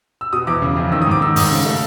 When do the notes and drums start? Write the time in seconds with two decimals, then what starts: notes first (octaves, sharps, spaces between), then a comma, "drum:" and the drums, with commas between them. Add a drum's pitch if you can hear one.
0.21 E6
0.33 B2 D#6
0.47 E2 D6
0.62 C#3
0.76 F2
0.92 D#3 E6
1.02 D#6
1.06 G#2 D6
1.21 D#3 E6
1.36 G#2 D#6, drum: open hi-hat
1.51 C#3
1.66 A3